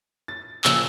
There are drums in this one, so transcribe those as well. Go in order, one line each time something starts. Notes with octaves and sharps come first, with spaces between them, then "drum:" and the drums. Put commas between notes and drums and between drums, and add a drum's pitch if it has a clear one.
A6
A#2 C#3 F3 E6, drum: clap